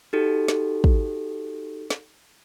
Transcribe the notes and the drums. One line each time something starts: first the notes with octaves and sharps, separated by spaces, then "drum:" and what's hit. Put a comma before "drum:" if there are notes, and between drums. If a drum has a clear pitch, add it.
D#4 F#4 G4 A4
drum: snare
drum: kick
drum: snare